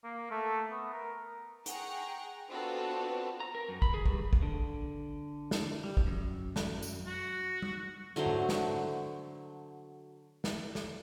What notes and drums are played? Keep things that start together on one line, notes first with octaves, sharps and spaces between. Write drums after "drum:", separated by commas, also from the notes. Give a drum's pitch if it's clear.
A#3
A3
B3
A#4
G#4 F#5 G5 A#5 C#6, drum: hi-hat
B3 C4 D4 F4 F#4 A4
A#5
A#4
F#2
B5, drum: kick
G#4
G2, drum: kick
drum: kick
D3
drum: snare
G3
drum: kick
F#2
drum: snare
drum: tambourine
F#4
drum: tom G3
D3 F#3 A3 C5
drum: tom G#2
drum: snare
drum: snare
drum: snare